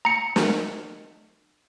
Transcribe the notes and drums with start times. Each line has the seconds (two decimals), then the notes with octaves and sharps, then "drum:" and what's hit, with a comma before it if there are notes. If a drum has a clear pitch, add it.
0.05 A#5 C#7
0.36 drum: snare